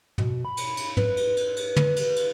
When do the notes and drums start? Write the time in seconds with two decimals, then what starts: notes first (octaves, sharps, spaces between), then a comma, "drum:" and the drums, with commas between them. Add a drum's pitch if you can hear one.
0.18 B2, drum: tom
0.45 B5
0.57 drum: cymbal
0.77 drum: cymbal
0.97 B4, drum: tom
1.17 drum: cymbal
1.37 drum: cymbal
1.57 drum: cymbal
1.76 drum: tom
1.96 drum: cymbal
2.16 drum: cymbal